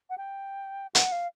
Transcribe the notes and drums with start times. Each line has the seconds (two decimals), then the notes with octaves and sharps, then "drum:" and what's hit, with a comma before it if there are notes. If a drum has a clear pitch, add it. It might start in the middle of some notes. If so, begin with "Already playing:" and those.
0.10 F#5
0.18 G5
0.95 F#5, drum: hi-hat
1.12 F5